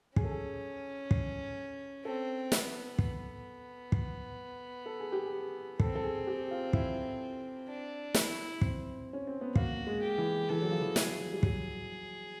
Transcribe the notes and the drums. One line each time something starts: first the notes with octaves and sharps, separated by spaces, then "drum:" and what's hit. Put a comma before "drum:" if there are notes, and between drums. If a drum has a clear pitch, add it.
C#4 G#4, drum: kick
A4
G#4
drum: kick
C4 A4
B3, drum: snare
B3, drum: kick
drum: kick
A4
G#4
G4
G#4
C4 A4, drum: kick
A4
G#4
G4
F4
E4, drum: kick
D4
E4, drum: snare
C4, drum: kick
C#4
C4
B3
A#3 F#4, drum: kick
G#3
G4
E3
E3 A4
F#3
F3
E3
G#4, drum: snare
G3
F#3, drum: kick